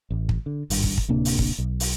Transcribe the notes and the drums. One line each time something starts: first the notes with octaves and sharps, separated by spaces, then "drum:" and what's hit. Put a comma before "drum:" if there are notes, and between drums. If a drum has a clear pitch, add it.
A1
drum: kick
D3
G#1 G2, drum: open hi-hat
drum: kick
drum: kick
D1 C3 A#3 D4
drum: open hi-hat
drum: kick
B1
drum: open hi-hat